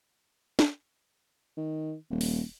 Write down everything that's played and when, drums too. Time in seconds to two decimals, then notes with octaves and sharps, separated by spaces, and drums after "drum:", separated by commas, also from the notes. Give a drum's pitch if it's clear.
0.59 drum: snare
1.57 D#3
2.10 D#1
2.21 drum: open hi-hat